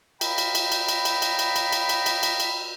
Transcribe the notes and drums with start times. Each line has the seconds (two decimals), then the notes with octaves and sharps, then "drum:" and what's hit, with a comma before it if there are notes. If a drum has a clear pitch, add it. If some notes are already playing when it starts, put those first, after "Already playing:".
0.21 C#5 D#5 F5 G5 A#5 B5, drum: cymbal
0.38 drum: cymbal
0.55 drum: cymbal
0.72 drum: cymbal
0.88 drum: cymbal
1.05 drum: cymbal
1.22 drum: cymbal
1.39 drum: cymbal
1.56 drum: cymbal
1.72 drum: cymbal
1.89 drum: cymbal
2.06 drum: cymbal
2.23 drum: cymbal
2.40 drum: cymbal